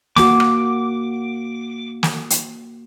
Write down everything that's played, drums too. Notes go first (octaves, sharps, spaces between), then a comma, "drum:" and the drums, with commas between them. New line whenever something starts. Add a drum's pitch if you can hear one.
A#3 F#4 D6, drum: snare
drum: rim click
drum: snare
drum: hi-hat